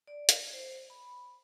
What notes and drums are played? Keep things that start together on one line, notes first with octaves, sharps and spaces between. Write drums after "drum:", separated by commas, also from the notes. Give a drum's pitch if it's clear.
D5
drum: hi-hat
C5
B5